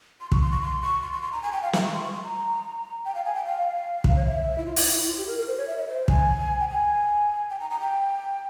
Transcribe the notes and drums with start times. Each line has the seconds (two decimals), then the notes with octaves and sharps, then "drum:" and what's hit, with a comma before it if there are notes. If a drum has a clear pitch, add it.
0.21 C6
0.32 C#6, drum: kick
0.41 C6
0.52 C#6
0.61 C6
0.82 C#6
1.02 C6
1.12 C#6
1.22 C6
1.32 A#5
1.43 G#5
1.53 G5
1.62 F5
1.73 E5, drum: snare
1.83 C#6
1.93 C6
2.03 C#6
2.13 C6
2.23 A#5
3.05 G5
3.15 F5
3.25 G#5
3.35 G5
3.45 F5
4.04 drum: kick
4.16 C#5
4.26 E5
4.58 E4
4.66 F4
4.76 E4, drum: open hi-hat
4.86 E4
4.97 E4
5.07 F4
5.17 G4
5.27 A#4
5.38 A#4
5.48 C5
5.58 C#5
5.68 E5
5.78 E5
5.88 C5
6.08 G#5, drum: kick
6.60 G5
6.69 G#5
7.50 G5
7.60 A#5
7.70 A#5
7.80 G5